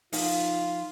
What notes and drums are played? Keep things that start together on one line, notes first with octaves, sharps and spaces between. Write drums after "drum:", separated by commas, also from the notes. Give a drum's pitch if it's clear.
F3 D#4 F4 F5, drum: open hi-hat